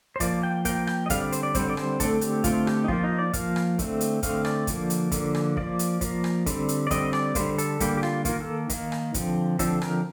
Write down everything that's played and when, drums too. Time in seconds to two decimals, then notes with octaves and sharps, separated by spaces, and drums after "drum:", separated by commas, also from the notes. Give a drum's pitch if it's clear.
0.16 C5
0.20 F3 A#3 D5, drum: kick, hi-hat
0.43 G5
0.65 F3 A#3 G5, drum: kick, hi-hat
0.87 G5, drum: rim click
1.06 D#5
1.10 D3 G3 C4 F5, drum: kick, hi-hat
1.22 D5
1.32 C5, drum: hi-hat
1.43 D5
1.55 D3 G3 C4 C5, drum: kick, hi-hat
1.70 D5
1.77 C5, drum: rim click
2.00 D3 A3 C4 A4, drum: kick, hi-hat
2.21 G4, drum: hi-hat
2.44 D3 A3 C4 F4, drum: kick, hi-hat
2.67 G4, drum: rim click
2.84 D#4
2.88 F3 A#3 F4, drum: kick
3.04 D#4
3.18 D5
3.33 F3 A#3 F5, drum: kick, hi-hat
3.56 drum: rim click
3.79 D3 A3 C4, drum: kick, hi-hat
4.01 drum: hi-hat
4.23 D3 A3 C4 F5, drum: kick, hi-hat
4.45 D5, drum: rim click
4.67 D3 F3 A#3, drum: kick, hi-hat
4.90 drum: hi-hat
5.12 D3 F3 A#3, drum: kick, hi-hat
5.35 drum: rim click
5.57 F3 A#3 D5, drum: kick
5.79 drum: hi-hat
6.01 F3 A#3, drum: kick, hi-hat
6.24 drum: rim click
6.46 D3 G3 C4, drum: kick, hi-hat
6.69 drum: hi-hat
6.87 D5
6.91 D3 G3 C4 D#5, drum: kick, hi-hat
7.13 D5, drum: rim click
7.35 D3 G3 A#3 C5, drum: kick, hi-hat
7.58 A4, drum: hi-hat
7.80 D3 G3 A#3 G4, drum: kick, hi-hat
7.97 G4
8.03 F4, drum: rim click
8.25 D#3 A#3 F4, drum: kick, hi-hat
8.40 A4
8.70 D#3 A#3, drum: kick, hi-hat
8.92 drum: rim click
9.14 D3 F3 C4, drum: kick, hi-hat
9.59 D3 F3 C4 A4, drum: kick, hi-hat
9.82 A#4, drum: rim click